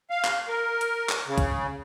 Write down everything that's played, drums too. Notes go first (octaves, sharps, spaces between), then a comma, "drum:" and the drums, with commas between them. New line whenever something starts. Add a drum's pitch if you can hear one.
F5
drum: clap
A#4
drum: hi-hat
drum: clap
C#3
drum: kick C2, hi-hat